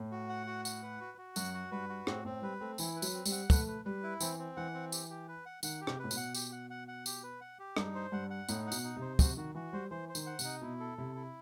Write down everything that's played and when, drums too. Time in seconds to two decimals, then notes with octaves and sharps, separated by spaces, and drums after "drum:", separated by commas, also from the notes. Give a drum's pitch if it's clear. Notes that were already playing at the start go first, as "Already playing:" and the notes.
Already playing: A2
0.11 F#4
0.29 F#5
0.47 F#4
0.65 F#5, drum: tambourine
0.83 B4
1.00 F#4
1.18 F#4
1.36 F#2 F#5, drum: tambourine
1.54 F#4
1.71 G2 B4
1.89 F#4
2.07 A2 C4, drum: rim click
2.25 A2 C4
2.42 G3 B4
2.60 A3 C4
2.78 E3 E4, drum: tambourine
2.96 B4
3.02 F#3, drum: tambourine
3.13 C4
3.25 G3, drum: tambourine
3.32 F#5
3.50 A3 B4, drum: kick, tambourine
3.68 B4
3.85 G3 B4
4.03 E4
4.21 E3 C4, drum: tambourine
4.39 C4
4.57 E3 F#5
4.74 C4
4.92 G4, drum: tambourine
5.10 G4
5.28 B4
5.46 F#5
5.63 D#3 F#5, drum: tambourine
5.81 G4
5.87 C3, drum: rim click
5.99 A2 B4
6.11 B2, drum: tambourine
6.17 F#5
6.35 G4, drum: tambourine
6.52 F#5
6.70 F#5
6.88 F#5
7.06 G4, drum: tambourine
7.24 B4
7.41 F#5
7.59 G4
7.77 G2 D#4, drum: rim click
7.95 C5
8.12 G2 F#5
8.30 F#5
8.49 A2 D#4, drum: tambourine
8.67 F#5
8.72 B2, drum: tambourine
8.84 D#4
8.96 C3
9.02 C5
9.19 C3 F#4, drum: kick, tambourine
9.37 D#3 F#4
9.55 E3 F#4
9.73 G3 C5
9.91 E3 C5
10.09 C5
10.15 D#3, drum: tambourine
10.26 F#5
10.39 C3, drum: tambourine
10.44 D#4
10.61 B2 E4
10.80 A4
10.98 C3 E4
11.16 E4